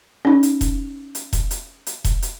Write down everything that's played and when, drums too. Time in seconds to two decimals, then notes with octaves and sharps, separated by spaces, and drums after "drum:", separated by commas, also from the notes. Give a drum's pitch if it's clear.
0.25 C#4 D#4
0.43 drum: hi-hat
0.61 drum: kick E1, hi-hat
1.15 drum: hi-hat
1.33 drum: kick E1, hi-hat
1.51 drum: hi-hat
1.87 drum: hi-hat
2.04 drum: kick E1, hi-hat
2.22 drum: hi-hat